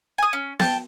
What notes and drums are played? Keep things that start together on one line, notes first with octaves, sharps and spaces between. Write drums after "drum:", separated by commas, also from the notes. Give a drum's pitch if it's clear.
G#5 D#6
C#4
G5 A5, drum: snare B3